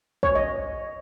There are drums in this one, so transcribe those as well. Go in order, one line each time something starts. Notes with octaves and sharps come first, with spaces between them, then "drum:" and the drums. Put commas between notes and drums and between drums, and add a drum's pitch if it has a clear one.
C#5, drum: kick
D#5